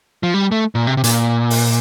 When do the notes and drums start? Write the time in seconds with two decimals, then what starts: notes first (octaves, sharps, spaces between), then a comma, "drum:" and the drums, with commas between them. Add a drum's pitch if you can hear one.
0.23 F3
0.34 G3
0.52 A3
0.75 A#2
0.87 C3
0.97 C3
1.04 A#2, drum: hi-hat
1.50 drum: open hi-hat